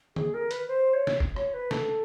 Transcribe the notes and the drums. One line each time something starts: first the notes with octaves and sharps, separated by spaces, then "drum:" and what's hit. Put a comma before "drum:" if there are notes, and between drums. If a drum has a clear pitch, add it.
G#4, drum: tom D3
A#4
B4, drum: hi-hat
C5
C#5
drum: snare
drum: kick F1
C#5, drum: rim click
B4
A4, drum: snare